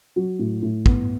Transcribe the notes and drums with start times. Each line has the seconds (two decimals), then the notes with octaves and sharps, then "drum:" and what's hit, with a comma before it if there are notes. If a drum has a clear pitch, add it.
0.16 F#3
0.39 A2
0.62 A2
0.86 B3, drum: kick